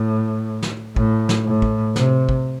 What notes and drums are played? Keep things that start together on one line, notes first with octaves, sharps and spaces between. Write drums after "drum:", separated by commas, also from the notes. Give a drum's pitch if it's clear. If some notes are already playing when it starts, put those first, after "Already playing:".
Already playing: A2
drum: snare
A2, drum: kick
drum: snare
A2
drum: kick
C3, drum: snare
drum: kick